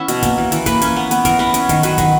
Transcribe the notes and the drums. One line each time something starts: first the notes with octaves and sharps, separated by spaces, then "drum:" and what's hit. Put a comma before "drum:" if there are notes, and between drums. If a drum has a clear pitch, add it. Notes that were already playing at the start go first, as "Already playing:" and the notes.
Already playing: E3 B3 C#4 E5
B2, drum: hi-hat
A#3, drum: kick, hi-hat
E3
E3, drum: hi-hat
A#3 B4, drum: kick, hi-hat
C#4, drum: hi-hat
B3
B3, drum: hi-hat
E3 A#4, drum: kick, hi-hat
B3 B4
C#4, drum: hi-hat
D#3, drum: kick, hi-hat
F#3 B4, drum: hi-hat
D#3, drum: kick, hi-hat